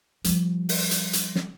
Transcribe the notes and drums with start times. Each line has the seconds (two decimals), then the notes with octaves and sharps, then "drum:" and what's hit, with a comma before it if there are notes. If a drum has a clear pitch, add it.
0.24 F3 G3, drum: hi-hat
0.69 drum: open hi-hat
0.91 drum: hi-hat
1.13 drum: hi-hat
1.35 drum: snare